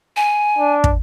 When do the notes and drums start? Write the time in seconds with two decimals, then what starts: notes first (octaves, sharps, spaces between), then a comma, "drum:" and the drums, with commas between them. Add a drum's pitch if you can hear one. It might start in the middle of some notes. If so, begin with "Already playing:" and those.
0.16 G#5
0.59 D4
0.84 drum: kick